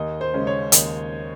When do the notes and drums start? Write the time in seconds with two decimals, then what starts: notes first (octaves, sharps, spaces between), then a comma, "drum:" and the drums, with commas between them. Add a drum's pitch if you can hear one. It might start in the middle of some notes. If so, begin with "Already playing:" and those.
Already playing: D#2 D#5
0.21 C5
0.34 C#3 G#3 C#4
0.47 C#5
0.72 D#2 D#5, drum: hi-hat